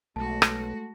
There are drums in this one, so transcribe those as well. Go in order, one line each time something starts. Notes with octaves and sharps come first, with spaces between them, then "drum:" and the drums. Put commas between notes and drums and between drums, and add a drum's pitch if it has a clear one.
B1 G#3 A3 F#4 A5
drum: rim click